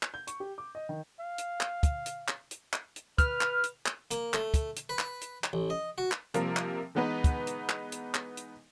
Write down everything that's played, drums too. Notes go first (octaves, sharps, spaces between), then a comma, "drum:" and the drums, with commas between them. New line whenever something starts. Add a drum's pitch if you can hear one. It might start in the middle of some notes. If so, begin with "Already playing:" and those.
drum: clap
G6
C#6, drum: hi-hat
G4
D6
D#5
D#3
F5
drum: hi-hat
drum: clap
drum: kick, hi-hat
drum: hi-hat
drum: clap
drum: hi-hat
drum: clap
drum: hi-hat
B4 F6, drum: kick, hi-hat
drum: clap
drum: hi-hat
drum: clap
A#3, drum: hi-hat
A3, drum: clap
drum: kick, hi-hat
drum: hi-hat
B4
drum: clap
drum: hi-hat
drum: clap
A1
D#5
F#4
drum: clap
C3 F3 G3 A#3 A#4, drum: hi-hat
drum: clap
E3 G#3 B3 D#4 B4
drum: kick, hi-hat
drum: hi-hat
drum: clap
drum: hi-hat
drum: clap
drum: hi-hat